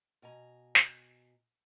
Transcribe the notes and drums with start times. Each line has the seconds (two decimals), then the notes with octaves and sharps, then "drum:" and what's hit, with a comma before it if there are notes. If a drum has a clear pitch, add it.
0.22 B2 G#5 A#5
0.75 drum: snare